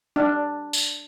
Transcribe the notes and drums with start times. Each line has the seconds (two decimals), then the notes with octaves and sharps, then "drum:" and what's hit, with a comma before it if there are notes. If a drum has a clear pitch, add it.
0.16 D4
0.73 drum: tambourine